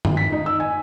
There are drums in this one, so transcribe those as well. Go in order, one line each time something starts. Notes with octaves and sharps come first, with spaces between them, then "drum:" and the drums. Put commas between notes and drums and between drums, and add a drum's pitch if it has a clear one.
G#1, drum: tom
B6
D#4
E6
G#5